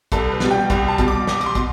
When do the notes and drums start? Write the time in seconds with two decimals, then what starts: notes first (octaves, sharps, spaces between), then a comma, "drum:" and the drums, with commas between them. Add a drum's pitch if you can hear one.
0.12 C2 A4, drum: kick, hi-hat
0.32 B4
0.40 B2 G3, drum: snare
0.51 G5
0.70 C2 G5, drum: kick, hi-hat
0.88 A5
0.98 B2 G3, drum: kick, hi-hat
1.08 D6
1.27 C2 D6, drum: snare
1.41 D6, drum: hi-hat
1.46 C6
1.55 B2, drum: kick, hi-hat